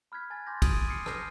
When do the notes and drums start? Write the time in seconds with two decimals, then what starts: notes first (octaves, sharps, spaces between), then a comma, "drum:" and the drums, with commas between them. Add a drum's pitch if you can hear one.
0.12 B5 F6 F#6 G#6 B6
0.30 G#5 A5 G#6 A6
0.46 G#5 C6 D6 G6 A6 A#6
0.62 D#6 F6 G#6 A6 D7 D#7, drum: kick, cymbal
0.88 D6 D#6 F6 G6 C7 C#7
1.06 A5 D6 F6 G6 A#6 C7, drum: rim click